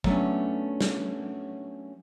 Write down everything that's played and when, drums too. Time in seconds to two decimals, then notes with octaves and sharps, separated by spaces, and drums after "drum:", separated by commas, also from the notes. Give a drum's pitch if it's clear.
0.04 F#3 A3 B3 C#4 D4, drum: kick
0.81 drum: snare